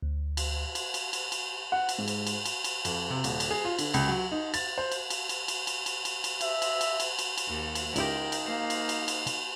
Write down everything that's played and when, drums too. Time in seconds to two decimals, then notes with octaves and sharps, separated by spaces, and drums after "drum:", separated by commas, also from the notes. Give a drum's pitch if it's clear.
0.03 D2
0.37 drum: cymbal
0.75 drum: cymbal
0.94 drum: cymbal
1.13 drum: cymbal
1.32 drum: cymbal
1.72 F#5
1.89 drum: cymbal
1.98 G#2
2.08 drum: cymbal
2.27 drum: cymbal
2.45 drum: cymbal
2.64 drum: cymbal
2.85 F2, drum: cymbal
3.10 C3
3.24 D#1, drum: cymbal
3.40 drum: cymbal
3.51 G#4
3.65 F4
3.79 D3, drum: cymbal
3.94 C#2, drum: cymbal
4.08 F#3
4.32 D#4
4.54 A6, drum: cymbal
4.78 C5
4.91 drum: cymbal
5.10 drum: cymbal
5.29 drum: cymbal
5.48 drum: cymbal
5.67 drum: cymbal
5.86 drum: cymbal
6.05 drum: cymbal
6.24 drum: cymbal
6.41 E5, drum: cymbal
6.62 drum: cymbal
6.81 drum: cymbal
7.00 drum: cymbal
7.19 drum: cymbal
7.38 drum: cymbal
7.48 D#2
7.75 drum: cymbal
7.96 C#2 D#4 E4 G4 A#4 G5, drum: cymbal
8.32 drum: cymbal
8.44 A#3 F5
8.70 drum: cymbal
8.89 drum: cymbal
9.08 drum: cymbal
9.27 drum: cymbal